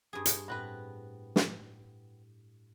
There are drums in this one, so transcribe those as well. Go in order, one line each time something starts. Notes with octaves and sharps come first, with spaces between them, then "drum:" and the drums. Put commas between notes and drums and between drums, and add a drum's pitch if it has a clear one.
G2 G#4
drum: hi-hat
A2 B3 C4 B4 F#6 A#6
drum: snare